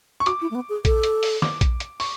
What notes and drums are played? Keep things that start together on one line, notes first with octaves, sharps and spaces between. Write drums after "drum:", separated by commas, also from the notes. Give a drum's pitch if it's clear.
C#6
F#4 D6, drum: hi-hat
E4
A3
B3
G#4
A4, drum: kick A#1, hi-hat
drum: hi-hat
drum: open hi-hat
D6, drum: snare
drum: kick A#1, hi-hat
drum: hi-hat
C#6, drum: open hi-hat